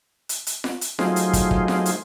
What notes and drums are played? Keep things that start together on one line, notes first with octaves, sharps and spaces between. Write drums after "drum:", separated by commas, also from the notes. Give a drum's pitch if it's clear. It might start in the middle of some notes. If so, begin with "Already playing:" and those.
drum: hi-hat
drum: hi-hat
drum: snare F4
drum: hi-hat
F#3 A3 D#4 F4 G#4 C5, drum: snare F4
drum: hi-hat
drum: kick, hi-hat
drum: kick
drum: snare F4
drum: hi-hat